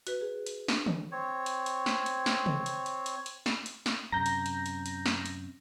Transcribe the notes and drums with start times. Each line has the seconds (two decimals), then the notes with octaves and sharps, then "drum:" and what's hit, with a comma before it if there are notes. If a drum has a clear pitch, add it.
0.07 F#4 B4, drum: hi-hat
0.21 G#4
0.47 drum: hi-hat
0.68 D4, drum: snare
0.86 drum: tom D3
1.12 C4 C#5
1.46 drum: hi-hat
1.66 drum: hi-hat
1.86 drum: snare
2.06 drum: hi-hat
2.26 drum: snare
2.46 drum: tom
2.66 drum: hi-hat
2.86 drum: hi-hat
3.06 drum: hi-hat
3.26 drum: hi-hat
3.46 drum: snare
3.66 drum: hi-hat
3.86 drum: snare
4.12 F#2 C3 A#5 G6 A#6
4.26 drum: hi-hat
4.46 drum: hi-hat
4.66 drum: hi-hat
4.86 drum: hi-hat
5.06 drum: snare
5.26 drum: hi-hat